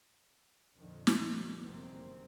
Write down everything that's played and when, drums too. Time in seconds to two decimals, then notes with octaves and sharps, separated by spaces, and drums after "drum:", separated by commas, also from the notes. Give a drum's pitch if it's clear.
0.77 F2 A#2 D3 D#3 F3
1.07 drum: snare
1.64 G1 F#2 C3 D#3 A#3 C4